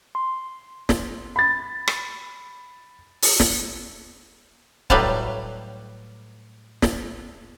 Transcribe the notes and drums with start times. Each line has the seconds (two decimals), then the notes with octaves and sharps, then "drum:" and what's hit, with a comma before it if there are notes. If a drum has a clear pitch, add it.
0.15 C6
0.89 drum: snare
1.36 B5 A6
1.87 drum: rim click
3.22 drum: open hi-hat
3.40 drum: snare
4.90 A2 F#3 G3 B4 F5 A5, drum: kick C#1
6.82 drum: snare